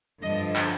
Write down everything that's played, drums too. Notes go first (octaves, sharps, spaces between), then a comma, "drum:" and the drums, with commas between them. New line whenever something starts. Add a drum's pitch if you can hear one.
G2 D3 F3 D#5
drum: clap